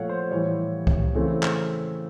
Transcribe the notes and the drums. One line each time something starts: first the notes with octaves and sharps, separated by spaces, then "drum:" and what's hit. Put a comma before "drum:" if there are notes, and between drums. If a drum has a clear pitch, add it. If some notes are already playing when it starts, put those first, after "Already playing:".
Already playing: A#2 F3 A3 C#5 F5 F#5
C5
A2 E3 G3 C#5
drum: kick C2
C#3 E3 A3 C4
drum: clap